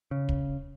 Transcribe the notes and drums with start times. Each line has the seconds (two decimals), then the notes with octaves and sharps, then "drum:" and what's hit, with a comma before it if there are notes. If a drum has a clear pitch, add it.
0.11 C#3
0.29 drum: kick